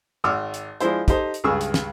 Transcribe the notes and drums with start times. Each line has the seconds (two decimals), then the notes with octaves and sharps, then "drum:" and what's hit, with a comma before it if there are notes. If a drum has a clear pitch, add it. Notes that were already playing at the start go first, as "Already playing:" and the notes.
0.24 G#1 F#5 D6 E6 F6
0.54 drum: hi-hat
0.81 F3 G#3 D4 E4 C5, drum: hi-hat
1.08 D#4 G4 A4 C5, drum: kick, hi-hat
1.34 drum: hi-hat
1.44 C#2 G2 G#4 C#6 E6
1.61 drum: hi-hat
1.74 drum: snare